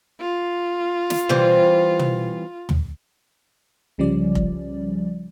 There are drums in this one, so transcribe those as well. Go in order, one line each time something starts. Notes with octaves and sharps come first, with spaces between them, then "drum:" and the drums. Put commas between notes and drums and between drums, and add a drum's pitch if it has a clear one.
F4
drum: snare
E3 G3 C4, drum: tom
drum: tom
drum: tom
C2 C#3 F3 G3 C#4 D5
drum: kick F1